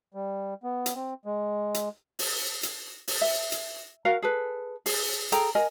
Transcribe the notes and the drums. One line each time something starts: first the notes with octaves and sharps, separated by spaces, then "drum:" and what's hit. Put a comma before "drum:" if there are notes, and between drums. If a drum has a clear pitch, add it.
G3
B3
drum: hi-hat
C4
G#3
drum: hi-hat
drum: open hi-hat
drum: hi-hat
drum: open hi-hat
E5
drum: hi-hat
F#4 A#4 F5 F#5
G#4 A4 B4
G#4, drum: open hi-hat
G#4 A4 G5 A#5, drum: hi-hat
A#4 D#5 G#5